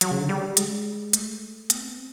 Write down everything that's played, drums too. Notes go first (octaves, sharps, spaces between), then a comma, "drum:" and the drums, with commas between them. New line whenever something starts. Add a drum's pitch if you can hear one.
F#3, drum: hi-hat
C#3
D3
G3
G#3, drum: hi-hat
A3, drum: hi-hat
B3, drum: hi-hat
C4
B3
C4